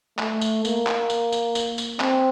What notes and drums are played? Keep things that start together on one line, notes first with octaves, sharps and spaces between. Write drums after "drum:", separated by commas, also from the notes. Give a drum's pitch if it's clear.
A3, drum: clap
drum: tambourine
A#3, drum: tambourine
drum: clap
drum: tambourine
drum: tambourine
drum: tambourine
drum: tambourine
C4, drum: clap